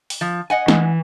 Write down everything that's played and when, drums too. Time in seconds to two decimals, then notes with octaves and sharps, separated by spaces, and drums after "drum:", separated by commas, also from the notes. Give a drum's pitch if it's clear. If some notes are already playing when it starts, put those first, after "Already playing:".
0.10 drum: open hi-hat
0.21 F3
0.50 D#5 F#5 G#5
0.68 E3, drum: snare